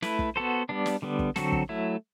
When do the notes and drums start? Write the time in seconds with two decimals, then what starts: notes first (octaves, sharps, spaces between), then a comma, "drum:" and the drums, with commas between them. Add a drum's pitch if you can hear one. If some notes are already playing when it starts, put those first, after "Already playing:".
0.02 A3 E4 B4, drum: snare
0.19 drum: kick
0.36 B3 F#4 A4 C5
0.69 G3 B3 D4
0.86 drum: snare
1.02 D3 G3 B3
1.19 drum: kick
1.36 D3 F#3 C4 F#4 A4, drum: snare
1.52 drum: kick
1.69 F#3 A3 E4